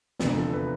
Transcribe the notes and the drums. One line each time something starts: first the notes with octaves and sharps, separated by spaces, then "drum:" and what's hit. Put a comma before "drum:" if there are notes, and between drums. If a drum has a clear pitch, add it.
F1 E2 D3 F3, drum: snare
A4
B4